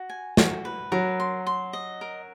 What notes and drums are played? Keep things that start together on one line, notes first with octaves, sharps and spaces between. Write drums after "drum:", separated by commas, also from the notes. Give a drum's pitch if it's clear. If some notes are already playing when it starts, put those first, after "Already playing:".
Already playing: F#4
G#5
F#4, drum: snare
B4
F#3 A#4
C6
C6
D#5
A#4